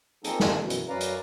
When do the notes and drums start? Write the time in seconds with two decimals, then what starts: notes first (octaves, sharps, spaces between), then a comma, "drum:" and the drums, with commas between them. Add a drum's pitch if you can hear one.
0.24 F3 A#3 C4 D#4 G#4 A4, drum: hi-hat
0.40 drum: snare
0.60 F#2 B2 E3
0.70 drum: hi-hat
0.89 F#2 C#4 B4 D5 F5 A#5
1.01 drum: hi-hat